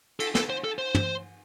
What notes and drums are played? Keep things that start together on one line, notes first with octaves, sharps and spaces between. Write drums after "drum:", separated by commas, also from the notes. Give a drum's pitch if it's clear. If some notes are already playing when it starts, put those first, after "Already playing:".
A4, drum: cymbal
A4, drum: snare
C5
A4
C5
drum: tom